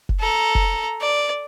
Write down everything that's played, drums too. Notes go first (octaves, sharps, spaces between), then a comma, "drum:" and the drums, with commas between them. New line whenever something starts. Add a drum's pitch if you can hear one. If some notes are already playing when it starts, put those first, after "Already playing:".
drum: kick F1
A4 A#5
drum: kick F1
D5